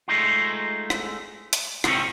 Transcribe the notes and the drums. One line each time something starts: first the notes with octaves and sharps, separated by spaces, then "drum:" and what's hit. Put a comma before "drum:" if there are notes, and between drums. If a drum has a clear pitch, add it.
G#3 A3 D#4 F4
drum: rim click
drum: hi-hat
G#2 C3 D#3 G#3 C4 C#4, drum: rim click